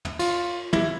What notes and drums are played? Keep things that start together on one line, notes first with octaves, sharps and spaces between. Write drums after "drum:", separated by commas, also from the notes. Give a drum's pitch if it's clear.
drum: tom
F4, drum: cymbal
E4, drum: tom